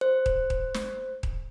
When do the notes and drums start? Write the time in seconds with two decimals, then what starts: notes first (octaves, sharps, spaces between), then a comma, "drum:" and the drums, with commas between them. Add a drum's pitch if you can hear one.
0.01 C5
0.26 drum: kick D#1
0.50 drum: kick D#1
0.74 drum: snare
1.23 drum: kick D#1